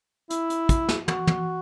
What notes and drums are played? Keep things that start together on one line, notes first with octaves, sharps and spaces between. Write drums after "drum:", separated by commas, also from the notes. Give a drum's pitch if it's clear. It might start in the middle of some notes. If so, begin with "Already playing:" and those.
E4, drum: hi-hat
drum: hi-hat
drum: kick, hi-hat
drum: snare
F#4, drum: tom
drum: tom